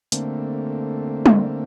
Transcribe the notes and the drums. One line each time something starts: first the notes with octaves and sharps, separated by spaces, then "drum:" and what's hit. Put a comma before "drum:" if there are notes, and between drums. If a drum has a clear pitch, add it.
D3 A3 A#3 C4, drum: hi-hat
drum: tom